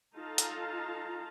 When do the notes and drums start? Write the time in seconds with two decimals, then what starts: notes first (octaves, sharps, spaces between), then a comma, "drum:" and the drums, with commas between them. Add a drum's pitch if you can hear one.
0.16 D#4 F4 A4 F5 A5 A#5
0.38 drum: hi-hat